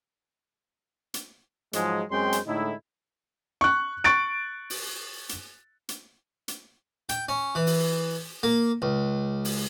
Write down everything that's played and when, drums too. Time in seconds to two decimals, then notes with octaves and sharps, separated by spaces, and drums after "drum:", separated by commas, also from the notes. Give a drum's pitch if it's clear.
1.14 drum: hi-hat
1.73 G#2 F3 F#3 G#3, drum: hi-hat
2.11 F#2 G#3 C4 C#4 G5 C6
2.33 drum: hi-hat
2.46 A2 D3 G#3 D#4 E4
3.61 C#6 F#6
4.04 C#6 F#6 A6 D7
4.70 drum: open hi-hat
5.29 drum: hi-hat
5.89 drum: hi-hat
6.48 drum: hi-hat
7.09 G5, drum: hi-hat
7.29 C#4
7.55 E3
7.67 drum: open hi-hat
8.43 A#3
8.82 C#2
9.45 drum: open hi-hat